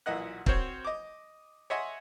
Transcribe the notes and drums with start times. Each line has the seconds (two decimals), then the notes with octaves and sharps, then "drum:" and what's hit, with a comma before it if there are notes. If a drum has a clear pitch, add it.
0.06 B1 A#2 E3 D#5 F#5 F#6
0.46 C4 F#4 A#4 C5 C#5, drum: kick
0.85 D#5 D6
1.70 C#5 D#5 E5 F#5 G#5 C6